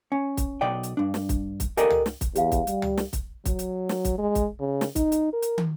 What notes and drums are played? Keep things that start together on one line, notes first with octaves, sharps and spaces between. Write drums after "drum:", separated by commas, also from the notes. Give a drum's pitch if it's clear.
C#4
drum: kick, hi-hat
B1 B2 D5 D#5 G5
drum: hi-hat
G2 D4
drum: snare
drum: kick, hi-hat
drum: kick, hi-hat
G4 A4 A#4 D5 D#5 G#5, drum: hi-hat
drum: tom
drum: snare
drum: kick, hi-hat
E2 G4 F5, drum: hi-hat
drum: kick, hi-hat
G3, drum: hi-hat
drum: tom
drum: snare
drum: kick, hi-hat
F#3, drum: kick, hi-hat
drum: hi-hat
drum: snare
drum: kick, hi-hat
G#3
drum: kick, hi-hat
C#3
drum: snare
D#4, drum: kick, hi-hat
drum: hi-hat
A#4
drum: hi-hat
drum: tom